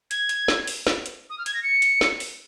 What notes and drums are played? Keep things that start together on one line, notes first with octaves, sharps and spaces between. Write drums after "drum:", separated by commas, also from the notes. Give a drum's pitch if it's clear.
G#6, drum: hi-hat
drum: hi-hat
drum: snare
drum: open hi-hat
drum: snare
drum: hi-hat
D#6
F6
G#6, drum: hi-hat
A#6
C#7
drum: hi-hat
drum: snare
drum: open hi-hat